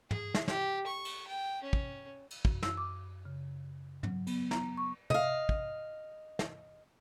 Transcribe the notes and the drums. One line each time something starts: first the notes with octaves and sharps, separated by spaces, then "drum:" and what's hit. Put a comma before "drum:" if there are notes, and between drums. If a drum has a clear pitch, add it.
G#4, drum: tom
drum: snare
G4, drum: snare
C#6
drum: cymbal
G5
C#4
drum: kick
drum: cymbal
F#2, drum: kick
E6, drum: snare
D6
C#3
F#3, drum: tom
B3, drum: cymbal
A#5, drum: snare
C#6
D#5 F5, drum: tom
drum: kick
drum: snare